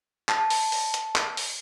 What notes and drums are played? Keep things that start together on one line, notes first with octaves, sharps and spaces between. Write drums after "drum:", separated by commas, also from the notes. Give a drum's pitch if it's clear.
A5, drum: clap
drum: open hi-hat
drum: open hi-hat
drum: hi-hat
drum: clap
drum: open hi-hat